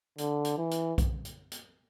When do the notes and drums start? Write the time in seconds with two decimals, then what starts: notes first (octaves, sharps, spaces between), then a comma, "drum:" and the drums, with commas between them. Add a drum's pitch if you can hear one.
0.18 D3, drum: hi-hat
0.45 drum: hi-hat
0.58 E3
0.71 drum: hi-hat
0.98 drum: kick B1, hi-hat
1.25 drum: hi-hat
1.51 drum: hi-hat